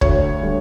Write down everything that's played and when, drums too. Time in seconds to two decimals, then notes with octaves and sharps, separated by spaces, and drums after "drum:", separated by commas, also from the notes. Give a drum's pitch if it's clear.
0.01 D2 C#5, drum: kick
0.43 D3 G3